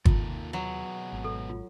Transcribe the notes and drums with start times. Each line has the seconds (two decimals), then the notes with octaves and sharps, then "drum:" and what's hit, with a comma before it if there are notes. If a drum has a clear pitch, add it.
0.05 D#2 C3 D#3 A#3 F4 A4, drum: kick
0.53 B2 F#3 B3 G#4
1.12 G#1
1.24 A4
1.50 F4